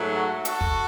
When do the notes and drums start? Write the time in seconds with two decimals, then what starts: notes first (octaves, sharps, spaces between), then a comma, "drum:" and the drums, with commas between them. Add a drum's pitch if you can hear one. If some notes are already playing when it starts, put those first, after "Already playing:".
Already playing: G#2 F#3 A3
0.13 F#4 A4
0.45 F#4 A4, drum: hi-hat
0.61 drum: kick